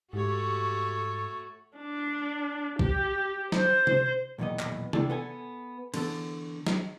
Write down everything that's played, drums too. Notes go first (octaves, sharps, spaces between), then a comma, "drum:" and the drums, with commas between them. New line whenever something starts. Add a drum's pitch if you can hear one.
G#2 A3 F#4 G4 A4 C#5
D4
G4, drum: kick A#1
C5, drum: snare
drum: tom C3
B1 E2 A#2 D#3 B3 D#5
drum: clap
D#3 E3 D4 G#4 A4, drum: tom C3
B3 A4 G#5
D3 E3 B3 A4, drum: cymbal
drum: snare